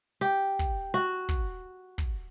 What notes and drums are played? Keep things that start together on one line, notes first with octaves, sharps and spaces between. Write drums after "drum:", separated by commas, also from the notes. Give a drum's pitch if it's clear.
G4
drum: kick
F#4
drum: kick
drum: kick